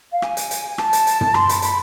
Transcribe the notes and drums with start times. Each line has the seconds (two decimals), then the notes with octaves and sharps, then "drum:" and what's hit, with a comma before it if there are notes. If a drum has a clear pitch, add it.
0.12 F5
0.22 G#5, drum: rim click
0.37 drum: hi-hat
0.51 drum: hi-hat
0.78 A5, drum: rim click
0.93 drum: hi-hat
1.07 drum: hi-hat
1.21 drum: tom
1.34 C6, drum: rim click
1.49 B5, drum: hi-hat
1.62 B5, drum: hi-hat